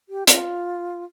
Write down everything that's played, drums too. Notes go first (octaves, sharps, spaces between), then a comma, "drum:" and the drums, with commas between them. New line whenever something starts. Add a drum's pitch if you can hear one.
G4
F4, drum: hi-hat